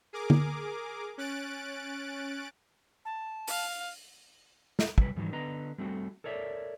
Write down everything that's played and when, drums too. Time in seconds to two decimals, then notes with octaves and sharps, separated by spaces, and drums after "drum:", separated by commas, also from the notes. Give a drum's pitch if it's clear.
0.13 G#4 A#4 D6
0.30 drum: tom
1.18 C#4 F#6 A6 D7
3.05 A5
3.47 F5, drum: open hi-hat
4.79 drum: snare
4.98 C3 F#3 G3 B4, drum: kick
5.16 G#2 D#3 E3 F#3 G3
5.33 D3 B3 B4 D#5 A#5
5.78 G3 A3 C4 F#4
6.24 A4 A#4 C#5 D5 E5